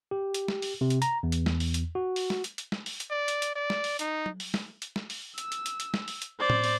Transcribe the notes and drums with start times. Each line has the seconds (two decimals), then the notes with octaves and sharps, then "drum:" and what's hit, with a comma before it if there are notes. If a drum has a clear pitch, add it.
0.11 G4
0.34 drum: hi-hat
0.48 drum: snare
0.62 drum: open hi-hat
0.81 C3
0.90 drum: hi-hat
1.02 A#5, drum: hi-hat
1.23 E2
1.32 drum: hi-hat
1.46 drum: snare
1.60 drum: open hi-hat
1.74 drum: hi-hat
1.95 F#4
2.16 drum: open hi-hat
2.30 drum: snare
2.44 drum: hi-hat
2.58 drum: hi-hat
2.72 drum: snare
2.86 drum: open hi-hat
3.00 drum: hi-hat
3.10 D5
3.28 drum: hi-hat
3.42 drum: hi-hat
3.55 D5
3.70 drum: snare
3.84 drum: open hi-hat
3.99 D#4, drum: hi-hat
4.26 drum: tom F#3
4.40 drum: open hi-hat
4.54 drum: snare
4.82 drum: hi-hat
4.96 drum: snare
5.10 drum: open hi-hat
5.38 E6, drum: hi-hat
5.52 drum: hi-hat
5.66 drum: hi-hat
5.80 drum: hi-hat
5.94 drum: snare
6.08 drum: open hi-hat
6.22 drum: hi-hat
6.40 C5 D5
6.50 drum: tom A2
6.64 drum: open hi-hat